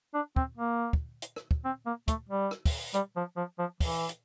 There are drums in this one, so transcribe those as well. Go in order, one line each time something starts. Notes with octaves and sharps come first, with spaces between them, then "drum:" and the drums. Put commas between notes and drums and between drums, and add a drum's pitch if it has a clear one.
D4
C4, drum: kick
A#3
drum: kick
drum: hi-hat
drum: rim click
drum: kick
C4
A#3
A3, drum: kick, hi-hat
G3
drum: rim click
drum: kick, open hi-hat
G3, drum: hi-hat
F3
F3
F3
E3, drum: kick, open hi-hat
drum: hi-hat